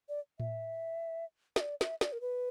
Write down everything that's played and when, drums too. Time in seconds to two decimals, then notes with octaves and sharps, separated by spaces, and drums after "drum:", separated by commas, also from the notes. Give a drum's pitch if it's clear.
0.09 D5
0.40 E5, drum: tom A2
1.56 E5, drum: snare
1.61 D5
1.81 E5, drum: snare
2.01 D5, drum: snare
2.12 A#4
2.21 B4